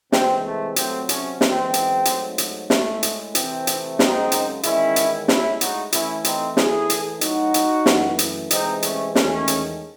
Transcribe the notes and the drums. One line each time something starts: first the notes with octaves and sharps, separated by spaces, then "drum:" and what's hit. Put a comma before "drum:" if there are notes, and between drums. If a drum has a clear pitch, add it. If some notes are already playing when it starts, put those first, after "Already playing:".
C3 E3 G#3 C4, drum: snare
A3
C3 F#3 A3 C4, drum: hi-hat
A3 C#4, drum: hi-hat
F#2 E3 G#3 C4, drum: snare
drum: hi-hat
G#2 F#3 A3, drum: hi-hat
drum: hi-hat
A2 G#3 A3, drum: snare
drum: hi-hat
C3 E3 A3 C4, drum: hi-hat
drum: hi-hat
F#2 C#3 G#3 C4 D#4, drum: snare
drum: hi-hat
E2 D#3 G#3 C#4 E4, drum: hi-hat
drum: hi-hat
A2 G#3 C#4 E4, drum: snare
D#4 F#4, drum: hi-hat
A2 E3 A3 C#4 E4, drum: hi-hat
C4 D#4, drum: hi-hat
A2 E3 A3 E4 G#4, drum: snare
drum: hi-hat
A2 F#3 A3 D#4 F#4, drum: hi-hat
drum: hi-hat
F#2 E3 A3, drum: snare
drum: hi-hat
C3 E3 G#3 C4 D#4, drum: hi-hat
A3 C#4, drum: hi-hat
E2 D#3 G#3 A3 C#4, drum: snare
drum: hi-hat